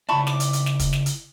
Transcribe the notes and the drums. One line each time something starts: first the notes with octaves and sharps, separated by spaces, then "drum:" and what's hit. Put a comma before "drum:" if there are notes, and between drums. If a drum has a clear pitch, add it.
C#3 E4 D5 A5 B5 C#6
D6, drum: snare
drum: hi-hat
drum: hi-hat
drum: snare
drum: kick, hi-hat
drum: snare
drum: hi-hat